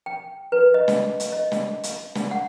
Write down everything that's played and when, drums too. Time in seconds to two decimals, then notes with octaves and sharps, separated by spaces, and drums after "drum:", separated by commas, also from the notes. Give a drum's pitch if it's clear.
0.06 G5
0.52 B4
0.74 D#5
0.88 drum: snare
1.20 drum: hi-hat
1.32 D#5
1.52 drum: snare
1.83 drum: hi-hat
2.15 drum: snare
2.31 F#5